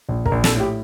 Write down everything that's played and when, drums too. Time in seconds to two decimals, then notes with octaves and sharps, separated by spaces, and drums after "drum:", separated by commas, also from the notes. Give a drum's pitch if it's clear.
0.09 A#1
0.26 A#4, drum: kick
0.32 A#1
0.44 A4, drum: snare
0.55 A2
0.60 G4